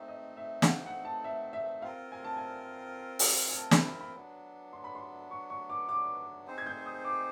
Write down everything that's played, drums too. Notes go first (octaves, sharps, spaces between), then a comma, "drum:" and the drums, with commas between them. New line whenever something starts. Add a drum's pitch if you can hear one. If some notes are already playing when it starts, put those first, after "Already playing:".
Already playing: A3 C4 D#4 E5
D#5
E5
F#5, drum: snare
F5
F#5
A5
E5
E5
C4 F4 A#4 F5
G#5
A5
G#5
drum: open hi-hat
G#5
A5
B5, drum: snare
B5
B5
F#3 B3 D4
C6
B5
C6
C#6
C#6
D6
D6
C4 D#4 G#4 C5
G#6
G6
D#6
D6